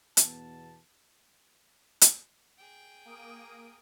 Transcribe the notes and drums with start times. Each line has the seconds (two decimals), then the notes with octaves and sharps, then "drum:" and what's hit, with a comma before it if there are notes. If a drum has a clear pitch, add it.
0.17 E2 B2 B3 A5, drum: hi-hat
2.01 drum: hi-hat
2.57 G#4 G5
3.05 A#3 D#6 D7